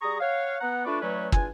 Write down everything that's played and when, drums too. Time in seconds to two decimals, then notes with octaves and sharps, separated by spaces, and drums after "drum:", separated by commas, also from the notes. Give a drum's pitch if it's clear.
0.02 G3 G#4 A#5 C#6 D#6
0.20 C#5 F5 F#5
0.61 B3 F#5 A#5
0.85 A3 D4 F4 B4 D5 C#6
1.01 E3 F#3 A3 C#4 B4 D5
1.32 E2 D4 F4 G#5, drum: kick